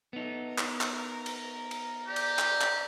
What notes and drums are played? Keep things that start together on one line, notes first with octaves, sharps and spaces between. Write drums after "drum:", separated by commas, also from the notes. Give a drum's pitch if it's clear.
A3 B3 D#4
A#4
drum: clap
drum: clap
drum: cymbal
drum: cymbal
G4 D5 A#5
drum: cymbal
drum: clap
drum: clap